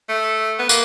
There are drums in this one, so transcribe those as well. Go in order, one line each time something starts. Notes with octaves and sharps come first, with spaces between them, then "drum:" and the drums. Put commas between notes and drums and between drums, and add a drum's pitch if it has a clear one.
A3
B3
A#3, drum: tambourine